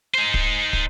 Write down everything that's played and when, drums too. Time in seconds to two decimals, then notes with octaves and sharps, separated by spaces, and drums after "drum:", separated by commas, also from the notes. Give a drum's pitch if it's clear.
0.14 D#4 C5
0.34 drum: kick
0.73 drum: kick